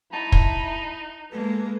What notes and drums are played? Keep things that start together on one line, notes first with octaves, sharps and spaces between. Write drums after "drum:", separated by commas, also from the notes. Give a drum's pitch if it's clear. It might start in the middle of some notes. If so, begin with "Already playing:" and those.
D#4 E4 A5 B5
drum: kick
G#3 A#3 A4 B4